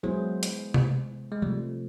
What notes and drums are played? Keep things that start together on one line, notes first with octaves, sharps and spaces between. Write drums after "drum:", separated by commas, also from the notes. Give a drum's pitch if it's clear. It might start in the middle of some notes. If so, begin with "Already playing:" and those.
F#3 G#3 B3 E4 G#4 C5
drum: hi-hat
drum: tom C3
G#3
C3 F3 G3 A3